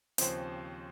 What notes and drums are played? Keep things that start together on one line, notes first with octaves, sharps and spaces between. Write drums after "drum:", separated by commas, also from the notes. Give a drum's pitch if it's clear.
D#2 C#3 F3 C4 C5 D#5, drum: hi-hat